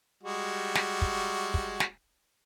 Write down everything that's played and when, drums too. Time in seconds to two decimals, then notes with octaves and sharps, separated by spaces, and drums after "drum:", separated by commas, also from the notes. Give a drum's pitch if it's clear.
0.23 G3 G#3 F#4
0.75 drum: snare
1.02 drum: kick
1.54 drum: kick
1.80 drum: snare